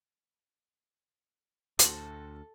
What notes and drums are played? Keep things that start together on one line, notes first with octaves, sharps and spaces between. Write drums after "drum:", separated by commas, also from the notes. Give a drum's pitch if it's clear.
D2 A2 F#4 A4 C5, drum: hi-hat